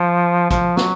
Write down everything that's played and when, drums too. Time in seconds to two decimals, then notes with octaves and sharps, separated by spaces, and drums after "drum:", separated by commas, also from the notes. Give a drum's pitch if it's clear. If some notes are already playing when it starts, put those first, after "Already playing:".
Already playing: F3
0.51 F3, drum: kick, hi-hat
0.77 F#3, drum: snare